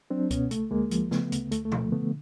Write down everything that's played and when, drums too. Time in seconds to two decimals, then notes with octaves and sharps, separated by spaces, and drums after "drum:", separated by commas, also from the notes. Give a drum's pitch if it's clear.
0.10 F#3 C4 D4
0.31 B2 B3 C#4, drum: kick C#2, hi-hat
0.51 C#2 A3, drum: hi-hat
0.71 D2 G#3 A#3
0.91 F3, drum: hi-hat
1.11 C#3 A3 B3, drum: snare
1.32 D2, drum: hi-hat
1.52 D2 A3, drum: hi-hat
1.65 A3
1.72 F3, drum: tom A#2
1.78 A3
1.92 D3 A3 B3